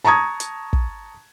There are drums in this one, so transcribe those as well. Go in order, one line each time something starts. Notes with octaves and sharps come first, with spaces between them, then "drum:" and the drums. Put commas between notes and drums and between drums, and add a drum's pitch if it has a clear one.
A5 A#5 C#6 D#6 G#6
drum: hi-hat
drum: kick